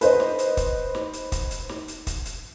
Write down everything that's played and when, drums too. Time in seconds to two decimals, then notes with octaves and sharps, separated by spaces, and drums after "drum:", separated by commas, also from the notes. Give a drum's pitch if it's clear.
0.01 B4 C5 D#5, drum: hi-hat
0.20 drum: snare
0.39 drum: hi-hat
0.57 drum: kick, hi-hat
0.95 drum: snare
1.13 drum: hi-hat
1.32 drum: kick, hi-hat
1.51 drum: hi-hat
1.69 drum: snare
1.88 drum: hi-hat
2.07 drum: kick, hi-hat
2.25 drum: hi-hat